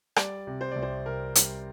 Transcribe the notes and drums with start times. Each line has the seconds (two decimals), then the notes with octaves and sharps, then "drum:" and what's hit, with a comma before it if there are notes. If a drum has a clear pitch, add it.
0.16 G3 D5, drum: rim click
0.47 C3
0.61 C5
0.72 C2 D5
0.83 C5
1.06 C2 A#4
1.35 G3, drum: hi-hat